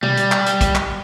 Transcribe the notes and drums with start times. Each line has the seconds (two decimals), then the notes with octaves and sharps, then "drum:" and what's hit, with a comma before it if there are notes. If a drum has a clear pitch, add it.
0.03 G3, drum: tom B2
0.17 drum: hi-hat
0.32 drum: clap
0.46 drum: hi-hat
0.61 drum: kick, hi-hat
0.75 drum: clap